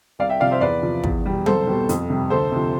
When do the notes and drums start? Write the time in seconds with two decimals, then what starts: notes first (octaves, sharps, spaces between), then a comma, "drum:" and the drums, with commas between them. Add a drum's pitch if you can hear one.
0.19 C2 D5 F5
0.29 E5 G5
0.40 C3 F3 D5 F5
0.51 C5 E5
0.61 E2 B4 D5
0.82 C3 F3
1.04 E2, drum: kick
1.26 B2 G3
1.46 C2 A4 C5, drum: tom F#3
1.67 B2 G3
1.89 F2, drum: hi-hat
2.10 C3 G3
2.30 D2 A4 C5
2.52 C3 F3